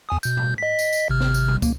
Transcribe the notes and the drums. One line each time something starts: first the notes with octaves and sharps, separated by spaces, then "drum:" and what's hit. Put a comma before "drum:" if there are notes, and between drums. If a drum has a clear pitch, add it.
E2 G#5 D#6
B2 G6, drum: tambourine
drum: tom G#2
D#5 B6
drum: tambourine
drum: tambourine
G#1 C3 F6
drum: snare
drum: tambourine
drum: tom B2
A#3, drum: kick, tambourine